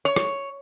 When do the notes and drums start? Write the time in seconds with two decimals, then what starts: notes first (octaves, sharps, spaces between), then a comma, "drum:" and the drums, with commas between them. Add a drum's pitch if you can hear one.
0.05 C#5
0.16 drum: rim click